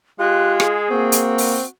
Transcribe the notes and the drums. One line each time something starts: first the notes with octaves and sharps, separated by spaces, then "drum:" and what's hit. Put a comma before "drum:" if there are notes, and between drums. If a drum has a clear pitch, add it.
G#3 F4 G4 F#6
G#4, drum: rim click
A#3 C4 F#4
drum: hi-hat
drum: open hi-hat